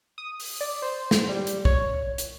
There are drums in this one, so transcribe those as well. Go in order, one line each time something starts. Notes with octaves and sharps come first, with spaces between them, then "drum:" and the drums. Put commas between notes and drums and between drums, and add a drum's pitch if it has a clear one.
D#6
drum: open hi-hat
D5
C5
drum: snare
G3
drum: hi-hat
C#5, drum: kick B1
drum: hi-hat